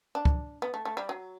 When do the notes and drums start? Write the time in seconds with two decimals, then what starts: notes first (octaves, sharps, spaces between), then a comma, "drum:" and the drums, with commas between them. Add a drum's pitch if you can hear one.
0.15 D4
0.25 drum: kick C#2
0.62 B3
0.74 A3
0.85 A3
0.97 G3
1.09 F#3